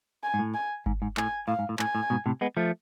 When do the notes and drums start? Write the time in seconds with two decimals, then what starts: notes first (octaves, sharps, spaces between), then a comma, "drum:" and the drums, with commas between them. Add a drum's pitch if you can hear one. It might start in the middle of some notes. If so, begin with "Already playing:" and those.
0.23 G#5
0.34 G#2
0.39 A2
0.54 G#5
0.86 G#2, drum: kick G1
1.02 G#2
1.17 A2 G#5, drum: clap
1.48 A2 F5
1.59 G#2
1.69 A2
1.79 A2 G#5, drum: clap
1.95 A2
2.10 G#2 B2
2.26 A2 C3
2.41 G#3 B3
2.57 F3 A3